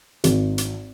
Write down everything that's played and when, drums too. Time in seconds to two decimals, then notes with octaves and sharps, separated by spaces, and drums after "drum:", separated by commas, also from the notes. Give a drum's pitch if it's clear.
0.24 G#1, drum: hi-hat
0.58 drum: hi-hat